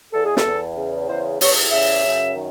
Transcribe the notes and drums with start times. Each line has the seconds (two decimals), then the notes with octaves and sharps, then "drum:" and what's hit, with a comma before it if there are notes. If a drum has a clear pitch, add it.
0.13 E2 A4
0.25 G#4
0.37 A4, drum: snare
0.45 E2
0.77 C#3
1.08 E2 C5
1.41 E2 C#5, drum: open hi-hat
1.71 C#3 E5
2.03 F#2
2.35 D#3